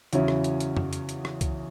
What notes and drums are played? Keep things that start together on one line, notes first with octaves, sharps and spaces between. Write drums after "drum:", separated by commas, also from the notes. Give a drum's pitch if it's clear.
E2 C#3 F#3 C#4 E4, drum: hi-hat
drum: rim click
drum: hi-hat
drum: hi-hat
drum: tom F2
drum: hi-hat
drum: hi-hat
drum: rim click
drum: kick, hi-hat